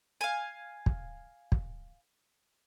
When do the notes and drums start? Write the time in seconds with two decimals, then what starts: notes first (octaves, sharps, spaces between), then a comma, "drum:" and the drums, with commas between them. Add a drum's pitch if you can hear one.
0.21 F5 G#5
0.86 drum: kick
1.52 drum: kick